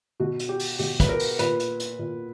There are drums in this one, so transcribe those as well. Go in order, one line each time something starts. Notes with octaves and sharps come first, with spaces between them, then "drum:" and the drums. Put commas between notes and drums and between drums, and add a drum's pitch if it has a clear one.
B2 F#4
drum: hi-hat
G4
drum: open hi-hat
B2 G4, drum: open hi-hat
B4, drum: kick, hi-hat
A#4
drum: open hi-hat
A#2 B4, drum: hi-hat
drum: hi-hat
drum: hi-hat
A#2